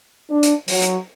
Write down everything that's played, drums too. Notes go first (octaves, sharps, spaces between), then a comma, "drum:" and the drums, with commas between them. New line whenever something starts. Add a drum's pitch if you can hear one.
D4
drum: hi-hat
F#3, drum: open hi-hat
drum: hi-hat